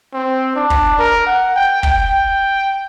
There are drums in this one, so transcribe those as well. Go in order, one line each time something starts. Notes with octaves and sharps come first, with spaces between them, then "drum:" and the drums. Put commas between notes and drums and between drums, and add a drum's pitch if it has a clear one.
C4
D4
drum: kick
A#4
F#5
G5
G5, drum: kick